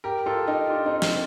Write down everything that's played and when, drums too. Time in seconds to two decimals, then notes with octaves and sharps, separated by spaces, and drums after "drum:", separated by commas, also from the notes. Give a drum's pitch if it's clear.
0.04 G4 A#4
0.26 F4 A4
0.48 D#4 G4
0.70 D4 F4
0.86 C4 D#4
1.02 C4, drum: snare